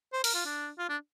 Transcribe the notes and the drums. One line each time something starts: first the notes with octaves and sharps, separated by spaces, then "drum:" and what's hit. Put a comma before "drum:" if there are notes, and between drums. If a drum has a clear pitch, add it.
C5
A#4, drum: open hi-hat
F4
D4
F4
D4